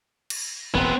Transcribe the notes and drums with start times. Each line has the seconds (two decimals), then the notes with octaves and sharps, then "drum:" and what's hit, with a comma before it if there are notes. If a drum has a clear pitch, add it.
0.30 drum: cymbal
0.75 E1 A1 B3 C4